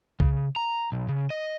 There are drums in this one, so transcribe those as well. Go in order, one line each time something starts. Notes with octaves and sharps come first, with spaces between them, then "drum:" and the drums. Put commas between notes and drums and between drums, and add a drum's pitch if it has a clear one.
C#3, drum: kick C2
A#5
B1
C#3
D#5